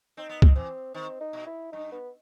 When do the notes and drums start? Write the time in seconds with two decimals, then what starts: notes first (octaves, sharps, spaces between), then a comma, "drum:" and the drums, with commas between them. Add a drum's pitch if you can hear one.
0.17 C4 D#4
0.29 B3
0.42 C4, drum: kick
0.56 E3 C4
0.94 D#3 C4
1.21 D#4
1.33 B2
1.46 E4
1.72 G2 D#4
1.92 B3